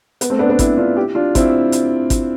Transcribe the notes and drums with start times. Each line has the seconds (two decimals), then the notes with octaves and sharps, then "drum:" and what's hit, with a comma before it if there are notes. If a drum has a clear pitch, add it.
0.21 B3, drum: hi-hat
0.30 A3 C4
0.39 B3 D4
0.50 B3 D4
0.59 C4 E4, drum: kick, hi-hat
0.78 D4 F4
0.97 E4 G4
1.15 D4 F4
1.35 C4 E4, drum: kick, hi-hat
1.72 drum: hi-hat
2.10 drum: kick, hi-hat